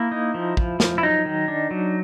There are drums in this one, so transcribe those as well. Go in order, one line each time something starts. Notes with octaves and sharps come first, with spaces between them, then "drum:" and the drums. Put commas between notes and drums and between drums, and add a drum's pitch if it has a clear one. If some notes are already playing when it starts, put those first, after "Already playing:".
Already playing: A#3 E4
D#4
F3
F3, drum: kick
F3, drum: snare
E4
F#3 D#4
D#3
D4
F#3